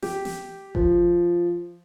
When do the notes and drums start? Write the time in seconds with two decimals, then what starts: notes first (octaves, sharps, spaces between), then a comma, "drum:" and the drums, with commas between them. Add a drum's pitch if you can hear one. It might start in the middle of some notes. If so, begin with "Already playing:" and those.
0.02 G4, drum: snare
0.25 drum: snare
0.75 F3, drum: kick F#1